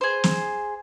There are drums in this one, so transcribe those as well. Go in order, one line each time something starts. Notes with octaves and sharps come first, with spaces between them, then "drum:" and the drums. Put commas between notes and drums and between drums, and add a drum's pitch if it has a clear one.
G#4 C5
drum: snare